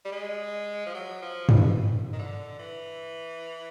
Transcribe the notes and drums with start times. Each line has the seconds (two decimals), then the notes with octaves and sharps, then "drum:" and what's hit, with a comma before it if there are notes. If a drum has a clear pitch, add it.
0.05 G3
0.12 G#3
0.86 F3
0.94 F#3
1.22 F3
1.49 B2, drum: tom G2
2.13 D#3
2.19 D3
2.59 E3